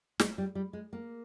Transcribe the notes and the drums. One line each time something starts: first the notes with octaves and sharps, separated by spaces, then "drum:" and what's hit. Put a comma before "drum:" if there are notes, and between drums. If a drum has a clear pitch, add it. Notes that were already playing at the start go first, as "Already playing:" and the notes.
G#3, drum: snare
G3
G3
G#3
A#3